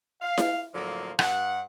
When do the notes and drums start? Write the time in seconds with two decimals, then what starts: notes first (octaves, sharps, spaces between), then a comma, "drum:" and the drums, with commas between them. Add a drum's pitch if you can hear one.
0.22 F5
0.38 drum: snare E4
0.74 A2 D3 F3 F#3 A#3
1.19 G2 F#5, drum: rim click